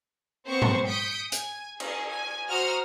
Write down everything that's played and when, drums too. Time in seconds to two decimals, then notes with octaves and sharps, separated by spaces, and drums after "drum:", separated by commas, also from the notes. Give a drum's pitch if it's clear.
0.47 B3 C4 C5 C#6
0.62 drum: tom G#2
0.87 D#6 G6 B6 C#7 D7
1.32 G#5, drum: hi-hat
1.80 G#4, drum: cymbal
2.11 G#5
2.49 F#4 C5 F#5 A#5 D#6 F6